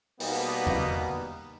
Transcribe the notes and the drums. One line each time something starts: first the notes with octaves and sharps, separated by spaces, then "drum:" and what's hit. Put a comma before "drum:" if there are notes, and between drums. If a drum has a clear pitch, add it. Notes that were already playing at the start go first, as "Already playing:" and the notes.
B2 G3 A#3 B3 D#4, drum: open hi-hat
drum: tom E2